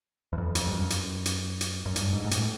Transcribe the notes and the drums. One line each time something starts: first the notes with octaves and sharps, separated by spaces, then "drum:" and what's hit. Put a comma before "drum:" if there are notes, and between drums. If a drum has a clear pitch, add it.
E2
F2
F2, drum: hi-hat
G2
F#2
drum: hi-hat
drum: hi-hat
drum: hi-hat
F#2
G2, drum: hi-hat
G#2
G#2
A2, drum: hi-hat